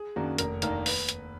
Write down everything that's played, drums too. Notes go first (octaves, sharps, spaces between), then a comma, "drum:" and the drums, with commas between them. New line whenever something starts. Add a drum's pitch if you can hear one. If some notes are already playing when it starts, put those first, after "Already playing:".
Already playing: G#4
F#2 D#3 A#3 D4 F#4
F1 A#4, drum: hi-hat
D#2 D#3 A#3 D4 A#4, drum: hi-hat
B4, drum: open hi-hat
drum: hi-hat